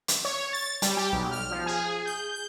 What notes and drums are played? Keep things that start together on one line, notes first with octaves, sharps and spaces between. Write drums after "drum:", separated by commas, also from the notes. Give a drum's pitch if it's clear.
drum: hi-hat
C#5
A6
G3, drum: hi-hat
G4
B1
F6
F3
G#4
G6
G6